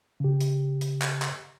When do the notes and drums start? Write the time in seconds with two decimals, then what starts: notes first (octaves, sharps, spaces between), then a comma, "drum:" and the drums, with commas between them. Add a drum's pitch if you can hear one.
0.20 C#3 G4
0.41 drum: hi-hat
0.81 drum: hi-hat
1.02 drum: clap
1.22 drum: clap